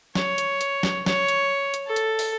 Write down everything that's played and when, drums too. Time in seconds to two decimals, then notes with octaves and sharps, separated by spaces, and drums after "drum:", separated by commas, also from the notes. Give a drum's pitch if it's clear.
0.15 C#5, drum: snare
0.38 drum: hi-hat
0.61 drum: hi-hat
0.83 drum: snare
1.06 C#5, drum: snare
1.28 drum: hi-hat
1.74 drum: hi-hat
1.87 A4
1.96 drum: hi-hat
2.19 drum: open hi-hat